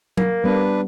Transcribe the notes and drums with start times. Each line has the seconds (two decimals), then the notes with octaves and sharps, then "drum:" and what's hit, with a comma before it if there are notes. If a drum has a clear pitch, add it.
0.18 A#3, drum: tom F#3
0.44 G3 B3 D4 B4